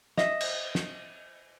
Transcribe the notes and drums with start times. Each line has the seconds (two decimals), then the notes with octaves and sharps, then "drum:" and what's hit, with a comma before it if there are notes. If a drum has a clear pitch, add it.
0.18 D#5 E5, drum: snare
0.41 drum: cymbal
0.75 drum: snare